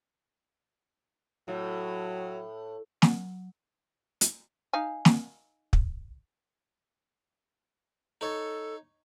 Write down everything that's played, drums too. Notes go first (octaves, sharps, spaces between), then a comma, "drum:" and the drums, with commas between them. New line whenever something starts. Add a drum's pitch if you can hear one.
A2 F#3
F#3, drum: snare
drum: hi-hat
D#4 F5 G#5
drum: snare
drum: kick
D#4 A4 C#5